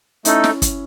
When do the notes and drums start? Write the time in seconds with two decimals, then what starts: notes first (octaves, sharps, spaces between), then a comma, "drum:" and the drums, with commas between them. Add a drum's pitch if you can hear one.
0.25 A3 C#4 D#4 E4 A4, drum: hi-hat
0.44 drum: snare
0.62 drum: kick, hi-hat